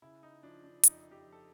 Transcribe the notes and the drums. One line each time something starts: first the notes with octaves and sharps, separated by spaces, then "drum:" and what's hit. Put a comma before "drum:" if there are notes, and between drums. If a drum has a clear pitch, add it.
C#3 E4
D#4
F3 D4
D4
F2 D#4, drum: hi-hat
G4
F3
A4